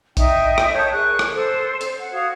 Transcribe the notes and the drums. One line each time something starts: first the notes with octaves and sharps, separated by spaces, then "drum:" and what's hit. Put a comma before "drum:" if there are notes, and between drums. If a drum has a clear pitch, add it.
D#4 D#5 E5 G5, drum: kick A#1, hi-hat
drum: rim click
A#4 C#5 A5 G6
G#4 A#4 C#6 F#6
drum: rim click
A4 C5
drum: hi-hat
F#5
F#4 F5 D#6 G#6